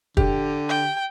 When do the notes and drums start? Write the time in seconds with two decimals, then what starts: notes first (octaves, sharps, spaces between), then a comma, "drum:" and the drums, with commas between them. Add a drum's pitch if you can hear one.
0.17 D3 G4, drum: kick
0.69 G5